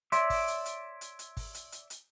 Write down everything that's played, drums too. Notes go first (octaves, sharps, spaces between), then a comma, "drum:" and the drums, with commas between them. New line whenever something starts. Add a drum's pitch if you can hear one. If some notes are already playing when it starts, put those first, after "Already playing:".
C#5 D5 E5 C6, drum: hi-hat
drum: kick, open hi-hat
drum: hi-hat
drum: hi-hat
drum: hi-hat
drum: hi-hat
drum: kick, open hi-hat
drum: hi-hat
drum: hi-hat
drum: hi-hat